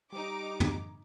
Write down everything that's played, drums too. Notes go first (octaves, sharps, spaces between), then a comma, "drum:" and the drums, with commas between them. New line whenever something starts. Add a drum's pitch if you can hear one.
G3 D#4 D6
drum: tom